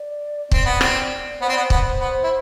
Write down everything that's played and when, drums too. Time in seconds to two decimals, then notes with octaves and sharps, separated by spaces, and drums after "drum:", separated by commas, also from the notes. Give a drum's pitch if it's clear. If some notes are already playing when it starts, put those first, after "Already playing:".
Already playing: D5
0.51 C4, drum: kick
0.65 B3
0.81 C4, drum: rim click
1.41 B3 C5
1.48 C4
1.52 B3 D5
1.63 C5
1.70 B3, drum: kick
2.00 B3
2.23 E4